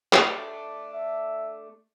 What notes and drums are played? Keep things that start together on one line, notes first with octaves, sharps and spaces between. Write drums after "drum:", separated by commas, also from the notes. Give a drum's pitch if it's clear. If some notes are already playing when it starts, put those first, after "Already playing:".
A3 D4, drum: clap
E5